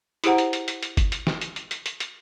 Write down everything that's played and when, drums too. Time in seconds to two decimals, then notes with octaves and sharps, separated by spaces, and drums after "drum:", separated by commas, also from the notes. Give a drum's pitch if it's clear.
0.24 E4 G4 G#4 C5 F#5 A#5, drum: hi-hat
0.38 drum: hi-hat
0.53 drum: hi-hat
0.68 drum: hi-hat
0.83 drum: hi-hat
0.97 drum: kick G1, hi-hat
1.12 drum: hi-hat
1.27 drum: snare
1.41 drum: hi-hat
1.56 drum: hi-hat
1.71 drum: hi-hat
1.86 drum: hi-hat
2.00 drum: hi-hat